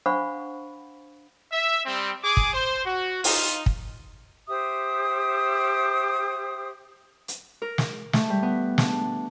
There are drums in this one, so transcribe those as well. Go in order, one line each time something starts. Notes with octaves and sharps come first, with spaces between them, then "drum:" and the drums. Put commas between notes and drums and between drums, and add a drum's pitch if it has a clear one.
D4 C5 F5 F#5 B5 C#6
E5
G3 C4
G#4 D6
drum: kick
C5
F#4
D#4 F4, drum: open hi-hat
drum: kick
G4 C5 E5 D#6
drum: hi-hat
A#4
drum: snare
A3, drum: snare
G3
B3
D4, drum: snare